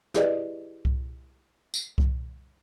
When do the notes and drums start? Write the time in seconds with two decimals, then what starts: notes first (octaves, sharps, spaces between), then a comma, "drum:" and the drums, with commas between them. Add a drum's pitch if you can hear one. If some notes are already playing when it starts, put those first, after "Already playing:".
0.14 E4 G4 G#4 B4 D5 D#5, drum: snare
0.85 drum: kick C2
1.74 drum: tambourine
1.98 drum: kick C2